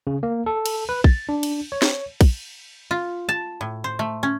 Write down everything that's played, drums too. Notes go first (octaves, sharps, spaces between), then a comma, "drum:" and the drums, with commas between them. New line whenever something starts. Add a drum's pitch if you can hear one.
C#3
A#3
A4
drum: cymbal
B4
A6, drum: kick
D4
drum: cymbal
C#5
drum: snare
drum: kick, cymbal
F4
A5
A2
C5
A3
C#4